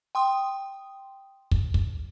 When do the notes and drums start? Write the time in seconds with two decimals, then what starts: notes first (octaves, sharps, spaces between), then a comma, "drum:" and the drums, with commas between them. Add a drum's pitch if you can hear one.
0.15 G5 C6 D#6
1.51 drum: kick
1.74 drum: kick